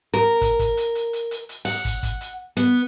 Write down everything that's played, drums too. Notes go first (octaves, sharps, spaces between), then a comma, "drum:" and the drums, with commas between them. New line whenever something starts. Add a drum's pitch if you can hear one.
A#4
drum: kick, hi-hat
drum: kick, hi-hat
drum: hi-hat
drum: hi-hat
drum: hi-hat
drum: hi-hat
drum: hi-hat
F#5, drum: open hi-hat
drum: kick, hi-hat
drum: kick, hi-hat
drum: hi-hat
B3, drum: hi-hat